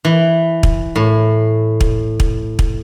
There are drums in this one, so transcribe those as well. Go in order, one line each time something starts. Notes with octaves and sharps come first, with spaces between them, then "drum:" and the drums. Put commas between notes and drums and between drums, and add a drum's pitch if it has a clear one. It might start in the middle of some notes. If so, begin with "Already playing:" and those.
E3
drum: kick
A2
drum: kick
drum: kick
drum: kick